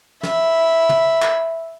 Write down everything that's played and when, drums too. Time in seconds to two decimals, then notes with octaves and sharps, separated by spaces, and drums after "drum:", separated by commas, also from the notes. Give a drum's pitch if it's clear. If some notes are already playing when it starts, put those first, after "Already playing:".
0.23 E5 B5, drum: snare
0.89 drum: tom
1.22 drum: clap